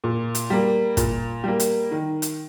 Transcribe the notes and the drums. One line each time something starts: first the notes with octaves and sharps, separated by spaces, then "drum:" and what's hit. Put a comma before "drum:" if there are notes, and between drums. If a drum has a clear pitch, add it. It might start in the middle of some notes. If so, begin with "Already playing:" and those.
A#2
drum: hi-hat
G3 A#3
A#2, drum: kick, hi-hat
G3 A#3
drum: hi-hat
D#3
drum: hi-hat